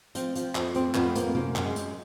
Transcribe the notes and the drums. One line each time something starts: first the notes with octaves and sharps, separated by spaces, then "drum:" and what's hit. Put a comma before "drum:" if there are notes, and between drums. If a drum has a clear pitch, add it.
F3 C4, drum: hi-hat
F3, drum: hi-hat
F2, drum: clap
F2 C4, drum: hi-hat
F2 B3, drum: clap
F2 A#3, drum: hi-hat
F#2 A#3, drum: tom C3
F#2, drum: clap
G#3
F#2, drum: hi-hat